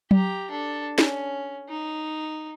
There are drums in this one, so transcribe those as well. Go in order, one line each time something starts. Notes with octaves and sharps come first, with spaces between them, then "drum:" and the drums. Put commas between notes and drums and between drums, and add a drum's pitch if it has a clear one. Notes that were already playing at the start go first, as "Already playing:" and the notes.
G4 A#5, drum: tom F#3
D4 A4
C#4, drum: snare
D#4